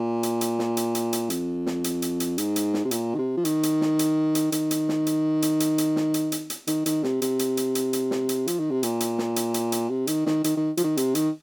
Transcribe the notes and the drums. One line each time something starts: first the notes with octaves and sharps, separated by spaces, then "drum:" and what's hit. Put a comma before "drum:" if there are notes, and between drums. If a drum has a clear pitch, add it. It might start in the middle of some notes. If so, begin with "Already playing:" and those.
Already playing: A#2
drum: hi-hat
drum: hi-hat
drum: snare
drum: hi-hat
drum: hi-hat
drum: hi-hat
F2, drum: hi-hat
drum: snare
drum: hi-hat
drum: hi-hat
drum: hi-hat
G#2, drum: hi-hat
drum: hi-hat
drum: snare
C3
A#2, drum: hi-hat
D#3
C3
F3
D#3, drum: hi-hat
drum: hi-hat
drum: snare
drum: hi-hat
drum: hi-hat
D#3, drum: hi-hat
drum: hi-hat
drum: snare
drum: hi-hat
drum: hi-hat
drum: hi-hat
drum: hi-hat
drum: snare
drum: hi-hat
drum: hi-hat
drum: hi-hat
D#3, drum: hi-hat
D#3, drum: hi-hat
C3, drum: snare
C3, drum: hi-hat
drum: hi-hat
drum: hi-hat
drum: hi-hat
drum: hi-hat
drum: snare
drum: hi-hat
F3, drum: hi-hat
D#3
C3
A#2, drum: hi-hat
drum: hi-hat
drum: snare
drum: hi-hat
drum: hi-hat
drum: hi-hat
C3
D#3, drum: hi-hat
D#3, drum: snare
D#3, drum: hi-hat
D#3
F3, drum: hi-hat
D#3
C3, drum: hi-hat
D#3, drum: hi-hat